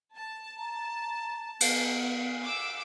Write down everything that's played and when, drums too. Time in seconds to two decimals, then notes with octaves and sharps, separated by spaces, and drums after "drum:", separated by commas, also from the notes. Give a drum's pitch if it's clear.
0.14 A5
0.57 A#5
1.61 B3, drum: cymbal
2.43 D6 E6